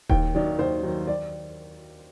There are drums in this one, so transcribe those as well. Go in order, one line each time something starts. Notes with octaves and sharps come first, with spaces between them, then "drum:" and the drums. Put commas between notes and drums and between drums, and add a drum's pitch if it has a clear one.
D#2 G5, drum: kick D#1
D#3 F#3 D5
D#2 C5
D#3 F#3
D5